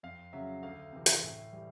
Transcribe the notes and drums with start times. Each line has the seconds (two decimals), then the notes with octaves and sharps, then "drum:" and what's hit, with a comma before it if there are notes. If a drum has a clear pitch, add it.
0.03 F2 F5
0.33 C#3 F#3 E5
0.63 D2 F5
0.93 C3 E3
1.06 drum: hi-hat
1.22 A2
1.52 E3 G3